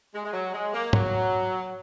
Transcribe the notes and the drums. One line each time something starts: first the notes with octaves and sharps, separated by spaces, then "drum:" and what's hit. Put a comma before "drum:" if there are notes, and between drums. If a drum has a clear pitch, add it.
G#3
G#3
F#3
G#3
A#3
F#3, drum: tom